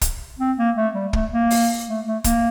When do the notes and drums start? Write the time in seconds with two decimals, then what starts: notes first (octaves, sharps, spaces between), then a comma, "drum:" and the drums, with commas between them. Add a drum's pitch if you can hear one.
0.02 drum: kick, hi-hat
0.39 C4
0.58 A#3
0.76 A3
0.94 G3
1.13 A3, drum: kick
1.31 A#3
1.50 drum: open hi-hat
1.88 A3
2.06 A3
2.24 A#3, drum: kick, hi-hat